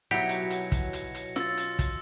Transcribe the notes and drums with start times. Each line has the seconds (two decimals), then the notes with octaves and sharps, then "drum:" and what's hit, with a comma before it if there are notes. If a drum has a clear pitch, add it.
0.11 B2 F#3 D#4 E4 G4 G#6 A#6 C#7
0.29 drum: hi-hat
0.50 drum: hi-hat
0.72 drum: kick, hi-hat
0.93 drum: hi-hat
1.15 drum: hi-hat
1.36 F4 E6 A6, drum: snare
1.57 drum: hi-hat
1.79 drum: kick, hi-hat